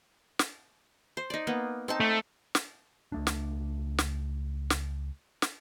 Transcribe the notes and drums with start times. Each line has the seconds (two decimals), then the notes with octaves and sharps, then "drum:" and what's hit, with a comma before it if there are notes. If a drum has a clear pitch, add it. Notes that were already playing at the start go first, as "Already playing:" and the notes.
0.39 drum: snare
1.17 C5
1.30 D#4 D5
1.47 A#3 B3
1.88 C4 D#4 A5
2.00 A3
2.55 drum: snare
3.12 C#2 A3 D4
3.27 drum: snare
3.98 drum: snare
4.70 drum: snare
5.42 drum: snare